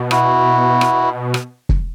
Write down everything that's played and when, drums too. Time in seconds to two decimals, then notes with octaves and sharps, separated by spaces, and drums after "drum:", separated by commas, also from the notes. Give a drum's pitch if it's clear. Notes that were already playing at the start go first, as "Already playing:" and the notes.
Already playing: B2
0.11 E4 F#4, drum: rim click
0.81 drum: rim click
1.34 drum: rim click
1.69 drum: kick